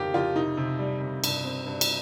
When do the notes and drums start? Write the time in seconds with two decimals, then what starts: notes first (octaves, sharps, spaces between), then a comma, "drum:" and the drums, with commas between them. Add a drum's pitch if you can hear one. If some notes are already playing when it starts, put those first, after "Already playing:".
Already playing: F2 D#3 A#3 D#4 F4 G4
0.14 F2 F4
0.35 C3 D#4
0.57 C3
0.79 G3
1.01 C3
1.24 G2, drum: cymbal
1.45 C4
1.66 G2
1.81 drum: cymbal